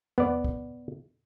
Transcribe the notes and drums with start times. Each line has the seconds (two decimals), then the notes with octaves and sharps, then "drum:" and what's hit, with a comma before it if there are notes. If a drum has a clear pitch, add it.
0.18 B3 D5, drum: tom E2
0.44 drum: kick